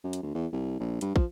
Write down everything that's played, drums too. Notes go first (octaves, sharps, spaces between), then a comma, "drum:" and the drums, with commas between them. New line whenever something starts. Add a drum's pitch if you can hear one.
F#2
drum: hi-hat
D2
E2
C2
A#1
G2, drum: hi-hat
F3, drum: kick